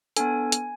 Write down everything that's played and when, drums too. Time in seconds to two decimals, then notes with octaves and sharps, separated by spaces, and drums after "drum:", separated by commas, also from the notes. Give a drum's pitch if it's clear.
0.16 B3 D4 A4 G#5, drum: hi-hat
0.52 drum: hi-hat